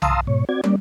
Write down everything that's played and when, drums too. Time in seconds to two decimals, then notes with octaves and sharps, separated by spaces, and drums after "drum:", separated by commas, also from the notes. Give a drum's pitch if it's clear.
0.02 F5 A5 A#5 C6 D#6 E6, drum: tom B1
0.27 G#2 B2 C#5
0.49 C4 F#4 D5 G#6
0.64 G3 A#3 C#4 D5, drum: tom